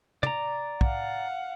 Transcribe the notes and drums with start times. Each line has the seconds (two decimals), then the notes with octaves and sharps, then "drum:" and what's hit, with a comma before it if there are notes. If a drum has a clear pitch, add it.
0.23 D5 A#5, drum: tom
0.81 F5 F#5, drum: kick